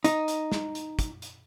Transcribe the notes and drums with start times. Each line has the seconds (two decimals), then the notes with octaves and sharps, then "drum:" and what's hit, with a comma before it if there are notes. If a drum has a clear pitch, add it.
0.04 D#4, drum: hi-hat
0.28 drum: hi-hat
0.52 drum: snare
0.75 drum: hi-hat
0.99 drum: kick, hi-hat
1.22 drum: hi-hat